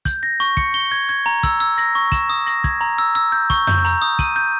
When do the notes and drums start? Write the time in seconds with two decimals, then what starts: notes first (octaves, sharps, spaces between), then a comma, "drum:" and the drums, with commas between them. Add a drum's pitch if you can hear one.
0.05 G6, drum: kick, hi-hat
0.23 A#6
0.40 C#6, drum: hi-hat
0.57 C#7, drum: kick
0.74 G7
0.92 G#6
1.09 G#6
1.26 A#5
1.43 E6, drum: kick, hi-hat
1.60 E6
1.78 A#6, drum: hi-hat
1.95 C#6
2.12 E7, drum: kick, hi-hat
2.30 D#6
2.46 A#6, drum: hi-hat
2.64 G#6, drum: kick
2.81 A#5
2.98 E6
3.15 E6
3.32 G6
3.50 C#6, drum: kick, hi-hat
3.67 G6, drum: tom F2
3.85 A#5, drum: hi-hat
4.02 D#6
4.19 D#7, drum: kick, hi-hat
4.36 G6